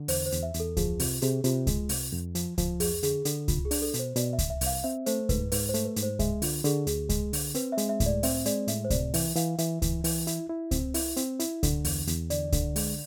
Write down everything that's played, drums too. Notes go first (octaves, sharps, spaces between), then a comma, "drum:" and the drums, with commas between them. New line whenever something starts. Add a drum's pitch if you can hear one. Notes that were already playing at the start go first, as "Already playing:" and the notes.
Already playing: D3
E2 C5, drum: open hi-hat
C5
E2, drum: hi-hat
E5
E2, drum: hi-hat
A4
F3 G#4, drum: kick C#2, hi-hat
C3 F4, drum: open hi-hat
C3 G#4, drum: hi-hat
C3 F4, drum: hi-hat
G#3, drum: kick C#2, hi-hat
C3, drum: open hi-hat
F2
F3, drum: hi-hat
F3, drum: kick C#2, hi-hat
F2 G#4, drum: open hi-hat
D3 G#4, drum: hi-hat
D3 A4, drum: hi-hat
C2 F4, drum: kick C#2, hi-hat
G#4
D4, drum: open hi-hat
A4
B2, drum: hi-hat
C5
B2 D5, drum: hi-hat
E5
C2, drum: kick C#2, hi-hat
E5
C2, drum: open hi-hat
F5
C4 E5
A3 C5, drum: hi-hat
G#2 B4, drum: kick C#2, hi-hat
G#2 B4, drum: open hi-hat
C5
A3, drum: hi-hat
B4
G#2, drum: hi-hat
C5
G#3 E5, drum: kick C#2, hi-hat
D3 F4, drum: open hi-hat
D3 G#4, drum: hi-hat
D2 G#4, drum: hi-hat
G#3, drum: kick C#2, hi-hat
D3, drum: open hi-hat
C4 B4, drum: hi-hat
E5
G#3, drum: hi-hat
E5
A2, drum: kick C#2, hi-hat
D5
C4 E5, drum: open hi-hat
G#3 D5, drum: hi-hat
A2 E5, drum: hi-hat
C5
C3 D5, drum: kick C#2, hi-hat
E3 E5, drum: open hi-hat
E3 F5, drum: hi-hat
E3 E5, drum: hi-hat
E3, drum: kick C#2, hi-hat
E3, drum: open hi-hat
E4, drum: hi-hat
E4
C4, drum: kick C#2, hi-hat
E4, drum: open hi-hat
C4, drum: hi-hat
E4, drum: hi-hat
D3, drum: kick C#2, hi-hat
E2, drum: open hi-hat
E2, drum: hi-hat
D3 D5, drum: hi-hat
D3, drum: kick C#2, hi-hat
G#3, drum: open hi-hat